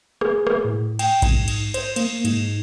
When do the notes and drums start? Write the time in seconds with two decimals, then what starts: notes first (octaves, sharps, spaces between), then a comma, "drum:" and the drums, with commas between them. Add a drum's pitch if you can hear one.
0.21 G#4, drum: rim click
0.47 drum: rim click
0.64 A2
0.99 G5, drum: cymbal
1.22 G#2, drum: kick A#1, cymbal
1.48 drum: cymbal
1.74 C5, drum: cymbal
1.96 A#3, drum: cymbal
2.25 G#2, drum: cymbal